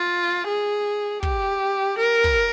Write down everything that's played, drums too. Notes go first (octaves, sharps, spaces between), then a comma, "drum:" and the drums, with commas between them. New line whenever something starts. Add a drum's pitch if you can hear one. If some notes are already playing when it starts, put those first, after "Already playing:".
Already playing: F4
G#4
G4, drum: kick
A#4
drum: kick